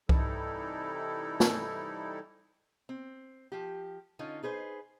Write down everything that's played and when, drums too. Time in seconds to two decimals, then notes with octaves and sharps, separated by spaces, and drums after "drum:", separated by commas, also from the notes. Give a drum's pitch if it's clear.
0.09 C3 E3 G3 D#4 E4 A4, drum: kick C2
1.40 drum: snare
2.89 C4
3.52 F3 G4
4.19 D3 C#4 D#4 F4
4.43 D#4 G#4 B4 C5